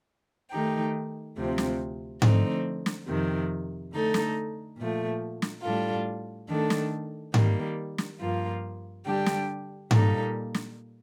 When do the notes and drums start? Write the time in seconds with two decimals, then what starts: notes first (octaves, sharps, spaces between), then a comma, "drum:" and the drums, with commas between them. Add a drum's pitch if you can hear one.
0.51 D#3 A3 D#4 G4
1.37 D2 C3 F3 C4
1.58 drum: snare
2.22 D3 F3 A3 C4 D#4, drum: tom G#2
2.86 drum: snare
3.08 F2 C3 D#3
3.93 D3 A3 D#4 A4
4.14 drum: snare
4.78 A#2 F3 A3
5.42 drum: snare
5.63 A2 G3 D4 F4 A4
6.48 D#3 A3 D4 A4
6.70 drum: snare
7.34 D#3 G3 A#3, drum: tom G#2
7.98 drum: snare
8.20 G2 F3 A#3 F4
9.05 D3 G3 D4 G4
9.26 drum: snare
9.91 A#2 G3 A#3 D#4 A4, drum: tom G#2
10.54 drum: snare